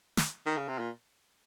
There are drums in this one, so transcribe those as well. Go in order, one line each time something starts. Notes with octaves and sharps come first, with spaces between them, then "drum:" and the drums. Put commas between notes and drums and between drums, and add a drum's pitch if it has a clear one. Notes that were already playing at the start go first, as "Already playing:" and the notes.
drum: snare
D#3
C#3
C3
A#2